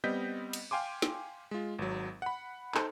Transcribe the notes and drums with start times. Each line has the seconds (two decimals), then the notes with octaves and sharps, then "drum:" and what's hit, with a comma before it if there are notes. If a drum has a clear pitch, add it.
0.04 G3 B3 C4 D#5 G6 B6
0.53 drum: cymbal
0.71 F5 G5 G#5 C6 D6
1.02 drum: snare
1.51 G#3 F4
1.79 G#1 F#3
2.22 F#5 B5
2.74 D#4 A4 C5, drum: clap